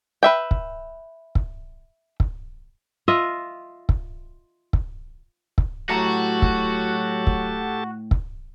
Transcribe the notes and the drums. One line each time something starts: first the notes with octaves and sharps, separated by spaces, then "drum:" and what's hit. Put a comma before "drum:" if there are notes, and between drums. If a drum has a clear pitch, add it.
B4 E5 G5
drum: kick
drum: kick
drum: kick
F4 D#5 E5
drum: kick
drum: kick
drum: kick
A2 F#3 F#4 G4 A4 E5 A5 A#5
drum: kick
drum: kick
drum: kick